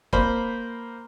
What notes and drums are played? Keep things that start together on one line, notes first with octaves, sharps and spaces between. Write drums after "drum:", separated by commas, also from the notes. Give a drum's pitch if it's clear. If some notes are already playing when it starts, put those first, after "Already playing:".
A#3 C5 B5, drum: kick